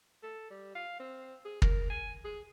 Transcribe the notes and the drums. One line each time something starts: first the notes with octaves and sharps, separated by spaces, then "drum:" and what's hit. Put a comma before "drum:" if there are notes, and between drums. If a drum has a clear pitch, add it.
A4
G3
F5
C4
G#4
A#4, drum: kick
G#5
G#4